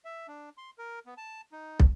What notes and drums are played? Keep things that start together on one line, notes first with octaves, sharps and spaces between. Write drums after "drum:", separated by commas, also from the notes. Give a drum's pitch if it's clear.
E5
D4
C6
A#4
B3
A5
D#4
drum: kick